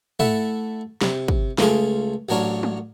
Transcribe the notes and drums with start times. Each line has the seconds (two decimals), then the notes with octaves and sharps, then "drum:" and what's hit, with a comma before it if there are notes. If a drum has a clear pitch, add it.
0.19 A3 E4 E5 F#5 A5, drum: tom
1.01 C3, drum: snare
1.28 drum: kick
1.58 C#2 A3 F4 G#4, drum: snare
2.29 A1 F#3 D4 A#4 C#5
2.63 drum: tom